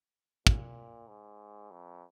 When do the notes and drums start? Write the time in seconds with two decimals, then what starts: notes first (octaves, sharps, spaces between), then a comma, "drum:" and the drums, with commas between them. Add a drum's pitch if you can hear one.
0.47 A#2, drum: kick
1.08 G#2
1.71 F2